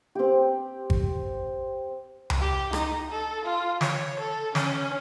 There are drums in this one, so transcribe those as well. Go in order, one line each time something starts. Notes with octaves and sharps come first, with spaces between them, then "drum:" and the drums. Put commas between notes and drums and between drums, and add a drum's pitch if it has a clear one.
C4 G4
drum: kick G#1
drum: tom C#2
G4
D#4, drum: rim click
A4
F4
C#5, drum: snare
A4
C#4, drum: snare